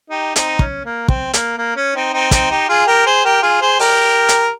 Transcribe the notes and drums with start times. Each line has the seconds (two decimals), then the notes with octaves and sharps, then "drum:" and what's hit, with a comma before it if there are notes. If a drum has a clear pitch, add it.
0.10 D#4 G4
0.36 C4 D#4, drum: hi-hat
0.59 C#4, drum: kick
0.85 A#3
1.08 C4, drum: kick
1.33 A#3, drum: hi-hat
1.58 A#3
1.76 C#4
1.95 C4 D#4
2.13 C4 D#4
2.31 C4 D#4, drum: kick, hi-hat
2.50 D#4 G4
2.69 F4 G#4
2.87 G4 A#4
3.06 G#4 C5
3.25 G4 A#4
3.42 F4 G#4
3.61 G#4 C5
3.79 G4 A#4, drum: open hi-hat
4.29 drum: hi-hat